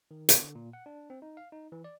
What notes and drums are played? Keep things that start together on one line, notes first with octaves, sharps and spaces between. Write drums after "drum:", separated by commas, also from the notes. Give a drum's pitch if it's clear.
D#3
B3, drum: hi-hat
D3
A#2
F#5
D4
C4
D#4
F5
D#4
E3
D5